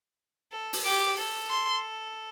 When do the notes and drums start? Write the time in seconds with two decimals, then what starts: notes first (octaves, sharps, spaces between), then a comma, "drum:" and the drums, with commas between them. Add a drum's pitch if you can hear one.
0.52 A4
0.73 drum: open hi-hat
0.85 G4 D6
1.18 A4
1.50 C6